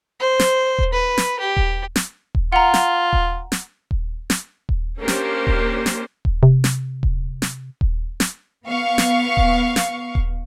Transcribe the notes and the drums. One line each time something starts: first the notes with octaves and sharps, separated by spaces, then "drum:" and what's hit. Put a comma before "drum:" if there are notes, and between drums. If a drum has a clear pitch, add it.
C5
drum: snare
drum: kick D#1
B4
drum: snare
G4
drum: kick D#1
drum: snare
drum: kick D#1
F4 F#5 A#5
drum: snare
drum: kick D#1
drum: snare
drum: kick D#1
drum: snare
drum: kick D#1
A#3 C#4 D4 G4 A#4 C5
drum: snare
drum: kick D#1
drum: snare
drum: kick D#1
C3
drum: snare
drum: kick D#1
drum: snare
drum: kick D#1
drum: snare
B3 F5 C#6
drum: snare
drum: kick D#1
drum: snare
drum: kick D#1